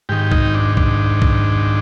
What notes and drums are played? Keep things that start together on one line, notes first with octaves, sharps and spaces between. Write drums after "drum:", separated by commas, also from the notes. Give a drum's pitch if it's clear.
G#2 D#3 G4
D#4, drum: kick B1
D4
D4, drum: kick B1
drum: kick B1